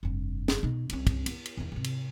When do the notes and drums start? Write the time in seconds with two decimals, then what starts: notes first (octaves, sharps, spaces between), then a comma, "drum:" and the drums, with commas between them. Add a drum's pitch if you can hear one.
0.03 F1 G2
0.48 drum: snare
0.63 B2 D#4
0.89 C2 C#4, drum: cymbal
1.07 drum: kick, cymbal
1.26 B3, drum: cymbal
1.45 drum: cymbal
1.57 E2 D#3
1.72 G#2 C3
1.84 drum: cymbal